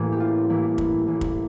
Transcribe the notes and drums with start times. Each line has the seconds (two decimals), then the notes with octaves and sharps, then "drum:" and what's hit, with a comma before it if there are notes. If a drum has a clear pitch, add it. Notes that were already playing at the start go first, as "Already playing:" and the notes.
Already playing: A1 A2 E3 A#3
0.12 G4
0.20 F4
0.49 A1 A2 E3 A#3 E4
0.78 drum: kick
1.06 A1 A2 E3 A#3
1.21 drum: kick